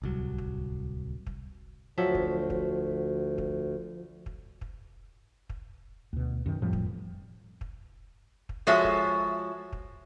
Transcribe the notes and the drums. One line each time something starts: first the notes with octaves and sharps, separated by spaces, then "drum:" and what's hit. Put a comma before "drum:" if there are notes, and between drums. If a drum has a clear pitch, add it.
D1 C2 F#3
drum: kick
drum: kick
D2 F3 F#3 E5
drum: kick
drum: kick
drum: kick
drum: kick
drum: kick
drum: kick
D2 B2
F#2 D#3
F2 A2 F3 G3
drum: kick
drum: kick
drum: kick
F3 G#3 F#4 A4 C#5 E5
drum: kick
drum: kick